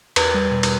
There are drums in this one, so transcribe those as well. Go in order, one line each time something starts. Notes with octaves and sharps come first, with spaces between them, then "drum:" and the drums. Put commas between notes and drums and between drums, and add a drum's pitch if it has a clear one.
E2 B4, drum: cymbal
G3
B2
drum: cymbal